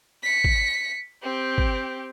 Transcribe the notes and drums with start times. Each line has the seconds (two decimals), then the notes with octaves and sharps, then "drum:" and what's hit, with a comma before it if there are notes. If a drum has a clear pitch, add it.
0.23 B6 C#7
0.44 drum: kick
1.23 C4 G4
1.58 drum: kick